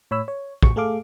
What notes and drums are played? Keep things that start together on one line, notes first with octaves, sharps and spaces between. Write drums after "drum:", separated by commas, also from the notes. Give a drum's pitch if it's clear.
A2 C#5 B5 E6
C#5
A1 C#6, drum: kick
A3 G#4 A4 F5 D6